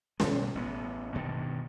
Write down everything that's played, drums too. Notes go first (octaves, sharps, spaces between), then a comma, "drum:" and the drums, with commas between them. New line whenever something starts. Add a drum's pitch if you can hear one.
B2 G3 G#3, drum: snare
A1 B3
G2 B2 D#3